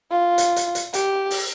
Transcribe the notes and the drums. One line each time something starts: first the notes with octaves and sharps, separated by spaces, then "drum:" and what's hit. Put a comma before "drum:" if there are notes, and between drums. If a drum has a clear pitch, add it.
F4
drum: hi-hat
drum: hi-hat
drum: hi-hat
G4, drum: hi-hat
drum: open hi-hat